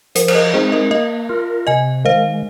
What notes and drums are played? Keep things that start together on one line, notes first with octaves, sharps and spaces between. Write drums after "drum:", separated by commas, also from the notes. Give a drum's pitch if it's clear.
F3 A#4, drum: hi-hat
C5, drum: cymbal
A#4 D#5
G#3 C4 D#4 G#4 C5
A#4 D#5
A#3 A#4 D#5
F4 A#4
C3 D#5 G#5
D#3 G#3 C5 F5